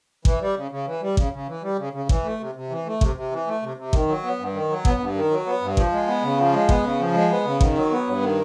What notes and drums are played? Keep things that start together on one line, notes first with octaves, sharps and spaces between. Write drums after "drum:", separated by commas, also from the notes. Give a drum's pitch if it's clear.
E3, drum: kick G#1
G3
C#3
C#3
E3
G3
C#3, drum: kick G#1
C#3
E3
G3
C#3
C#3
E3, drum: kick G#1
A3
C3
C3
E3
A3
C3, drum: kick G#1
C3
E3
A3
C3
C3
D#3, drum: kick G#1
F#3
B3
G2
D#3
F#3
B3, drum: kick G#1
G2
D#3
F#3
B3
G2
F3, drum: kick G#1
G#3
B3
C#3
F3
G#3
B3, drum: kick G#1
C#3
F3
G#3
B3
C#3
D#3, drum: kick G#1
F#3
B3
G2
D#3